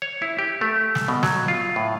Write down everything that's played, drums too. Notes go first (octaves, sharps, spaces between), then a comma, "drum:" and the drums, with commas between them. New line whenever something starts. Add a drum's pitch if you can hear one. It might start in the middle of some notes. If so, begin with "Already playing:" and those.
C#5
E4
G4
A3
drum: snare
B2
F#3, drum: snare
F4
A2